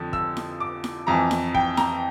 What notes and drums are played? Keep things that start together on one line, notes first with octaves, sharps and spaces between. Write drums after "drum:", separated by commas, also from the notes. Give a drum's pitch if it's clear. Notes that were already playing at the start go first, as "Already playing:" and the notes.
Already playing: F2 D3 F3
E6, drum: kick
drum: snare E4
D6
drum: snare E4
F2 E3 A#5
drum: snare E4
G5, drum: kick
A#5, drum: snare E4